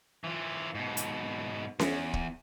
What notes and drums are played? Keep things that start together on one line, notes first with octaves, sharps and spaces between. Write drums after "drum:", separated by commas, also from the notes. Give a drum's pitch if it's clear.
E3 F4
G#2 B2
drum: hi-hat
E2, drum: snare C#4
drum: kick